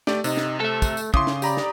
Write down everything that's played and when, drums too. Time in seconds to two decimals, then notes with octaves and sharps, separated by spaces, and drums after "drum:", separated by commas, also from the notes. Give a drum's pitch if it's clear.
0.07 A3 G4 D5, drum: snare
0.24 C3 D#4, drum: tambourine
0.37 drum: snare
0.60 A3 A4 E5
0.82 drum: kick, tambourine
0.97 drum: tambourine
1.14 C#3 E4 C6 D6 D#6, drum: kick
1.27 drum: snare
1.42 G4 D5 A#5 B5, drum: tambourine
1.57 drum: snare